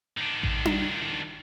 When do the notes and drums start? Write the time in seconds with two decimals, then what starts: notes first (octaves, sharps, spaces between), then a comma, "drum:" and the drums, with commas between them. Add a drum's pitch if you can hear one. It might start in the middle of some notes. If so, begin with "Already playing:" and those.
0.17 D#3 D4
0.43 drum: kick A1
0.65 drum: tom D4